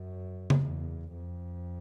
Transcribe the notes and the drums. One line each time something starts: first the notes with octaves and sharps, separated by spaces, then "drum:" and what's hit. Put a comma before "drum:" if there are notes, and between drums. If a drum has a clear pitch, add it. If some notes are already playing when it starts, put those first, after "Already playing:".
Already playing: F#2
drum: tom C#3
E2
F2